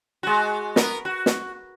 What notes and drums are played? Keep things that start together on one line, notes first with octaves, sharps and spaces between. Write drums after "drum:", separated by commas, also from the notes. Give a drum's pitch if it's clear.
G#3 F#4
B3 A#4, drum: snare
F#4
drum: snare